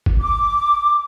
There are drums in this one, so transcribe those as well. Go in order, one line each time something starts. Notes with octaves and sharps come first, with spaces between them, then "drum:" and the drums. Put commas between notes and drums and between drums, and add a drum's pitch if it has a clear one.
drum: kick
D6